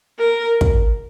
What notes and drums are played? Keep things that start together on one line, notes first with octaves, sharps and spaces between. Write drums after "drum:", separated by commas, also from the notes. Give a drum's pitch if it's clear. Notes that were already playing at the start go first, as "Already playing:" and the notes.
A#4
drum: kick